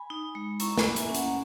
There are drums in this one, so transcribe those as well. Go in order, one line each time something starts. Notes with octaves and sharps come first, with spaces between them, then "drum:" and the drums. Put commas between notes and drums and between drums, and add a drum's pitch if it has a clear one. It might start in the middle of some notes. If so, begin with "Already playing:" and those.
Already playing: G#5 B5
D#4
G#3
E4 A#5 C#6, drum: hi-hat
G#5 B5, drum: snare
A#3
E5 G#5, drum: hi-hat
C#4
F#5 A#5, drum: hi-hat